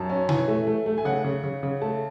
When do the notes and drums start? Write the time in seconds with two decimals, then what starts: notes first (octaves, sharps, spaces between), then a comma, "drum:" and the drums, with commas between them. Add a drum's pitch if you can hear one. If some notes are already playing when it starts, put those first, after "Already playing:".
Already playing: F#2 A5
0.10 C#4
0.29 E3 G#5, drum: tom B2
0.48 A3
0.67 A3
0.86 A3
0.98 G#5
1.05 C#3 F#5
1.24 C#3
1.44 C#3
1.63 C#3
1.82 A3 A5